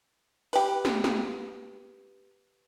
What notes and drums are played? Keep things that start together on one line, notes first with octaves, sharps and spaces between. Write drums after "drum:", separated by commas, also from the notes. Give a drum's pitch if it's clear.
G4 B4, drum: open hi-hat
drum: snare
drum: snare